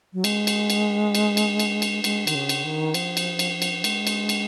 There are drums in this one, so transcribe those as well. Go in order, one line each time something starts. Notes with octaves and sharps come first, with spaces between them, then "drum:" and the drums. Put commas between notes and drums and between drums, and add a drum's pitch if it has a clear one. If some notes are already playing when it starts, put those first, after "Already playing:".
F#3
G#3, drum: cymbal
drum: cymbal
drum: cymbal
drum: cymbal
drum: cymbal
drum: cymbal
drum: cymbal
G#3, drum: cymbal
D#3, drum: cymbal
C#3
drum: cymbal
D#3
F3, drum: cymbal
drum: cymbal
drum: cymbal
drum: cymbal
G#3, drum: cymbal
drum: cymbal
drum: cymbal